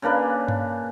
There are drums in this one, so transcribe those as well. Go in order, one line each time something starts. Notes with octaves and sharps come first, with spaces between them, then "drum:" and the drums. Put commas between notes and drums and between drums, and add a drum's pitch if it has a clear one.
C#3 A#3 D4 B4
drum: tom G2